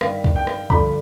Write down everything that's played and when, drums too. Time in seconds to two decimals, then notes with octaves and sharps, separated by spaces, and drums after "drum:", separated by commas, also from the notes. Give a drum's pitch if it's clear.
0.01 G2 D#3 F5, drum: rim click
0.24 drum: kick
0.36 G5
0.47 drum: rim click
0.70 G2 D3 F3 B5, drum: kick